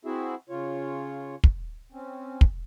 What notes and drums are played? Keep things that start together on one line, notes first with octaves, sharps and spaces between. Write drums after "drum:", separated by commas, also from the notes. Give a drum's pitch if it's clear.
C4 E4 F#4 G#4 E5
C#3 F4 C#5
drum: kick
C4 C#4
drum: kick